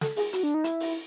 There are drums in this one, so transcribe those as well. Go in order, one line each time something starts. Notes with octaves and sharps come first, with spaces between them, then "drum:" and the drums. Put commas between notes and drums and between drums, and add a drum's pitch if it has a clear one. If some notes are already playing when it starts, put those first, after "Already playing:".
A4, drum: snare
G#4, drum: open hi-hat
F#4, drum: hi-hat
D4
D#4
E4, drum: hi-hat
drum: open hi-hat